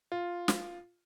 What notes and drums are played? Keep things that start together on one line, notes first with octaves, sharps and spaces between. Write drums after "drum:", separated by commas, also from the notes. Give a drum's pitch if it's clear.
F4
drum: snare